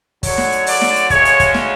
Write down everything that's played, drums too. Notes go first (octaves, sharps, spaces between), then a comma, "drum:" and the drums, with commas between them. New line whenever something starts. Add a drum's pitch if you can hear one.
F#2 D3 F#3 C#5, drum: kick, open hi-hat
drum: snare
drum: hi-hat
D5, drum: open hi-hat
drum: snare
drum: hi-hat
D2 C#3 G#3 C#4 C#5, drum: kick, hi-hat
drum: hi-hat
drum: kick, hi-hat
drum: snare